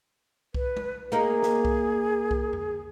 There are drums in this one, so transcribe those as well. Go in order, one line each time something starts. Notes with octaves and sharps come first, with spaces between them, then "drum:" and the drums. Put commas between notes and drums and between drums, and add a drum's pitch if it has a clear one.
B4, drum: kick C2
drum: tom G#3
A#3 D#4 G#4 A#4
drum: snare
drum: kick C2
drum: kick C2
drum: tom F2